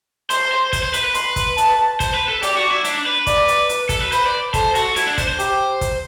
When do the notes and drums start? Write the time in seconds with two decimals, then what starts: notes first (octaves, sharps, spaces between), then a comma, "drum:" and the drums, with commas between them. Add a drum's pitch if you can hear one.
0.30 C5 C6, drum: hi-hat
0.52 C5
0.73 C5, drum: kick, hi-hat
0.83 C5
0.93 B4, drum: hi-hat
1.04 B4
1.14 C6, drum: hi-hat
1.36 drum: kick, hi-hat
1.58 A5, drum: hi-hat
2.00 C5, drum: kick, hi-hat
2.14 B4
2.28 A4
2.42 G4 D5, drum: hi-hat
2.56 F#4
2.71 E4
2.84 D4, drum: hi-hat
3.06 B4
3.27 D5, drum: kick, hi-hat
3.48 drum: hi-hat
3.69 drum: hi-hat
3.89 A4, drum: kick, hi-hat
4.01 B4
4.12 B4 C5, drum: hi-hat
4.26 D5
4.54 A4 C5, drum: kick, hi-hat
4.75 F#4, drum: hi-hat
4.96 E4, drum: hi-hat
5.07 D4
5.18 C5, drum: kick, hi-hat
5.28 C5
5.39 G4, drum: hi-hat
5.81 drum: kick, hi-hat